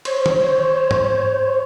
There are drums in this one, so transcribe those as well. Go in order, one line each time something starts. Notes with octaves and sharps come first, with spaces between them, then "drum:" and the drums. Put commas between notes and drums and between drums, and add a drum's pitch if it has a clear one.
C5 C#5, drum: cymbal
drum: tom D#3
drum: tom G#2